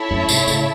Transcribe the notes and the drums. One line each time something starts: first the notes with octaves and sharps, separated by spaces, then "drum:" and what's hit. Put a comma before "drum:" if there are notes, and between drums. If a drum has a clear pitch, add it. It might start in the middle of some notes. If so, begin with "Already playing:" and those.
Already playing: E4 A4 C#5 E5
F#2 A2
G#2 C3, drum: tambourine
A2 C#3, drum: tambourine